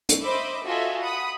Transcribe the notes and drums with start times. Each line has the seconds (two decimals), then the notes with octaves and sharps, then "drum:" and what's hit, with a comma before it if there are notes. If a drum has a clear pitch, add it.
0.09 drum: hi-hat
0.22 C5 D#5 E5 B5 D6
0.65 F4 F#4 A4 D#5 E5 G#5
1.01 F#5 B5 D#6